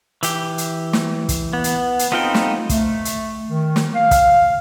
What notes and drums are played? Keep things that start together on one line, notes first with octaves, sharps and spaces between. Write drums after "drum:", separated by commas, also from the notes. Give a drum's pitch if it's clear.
E3 G4, drum: hi-hat
drum: hi-hat
drum: snare
drum: kick, hi-hat
B3
drum: hi-hat
drum: hi-hat
B3 C4 D#4 F4 A4 G5
drum: snare
A3, drum: kick, hi-hat
drum: hi-hat
D#3
drum: snare
F5
drum: kick, hi-hat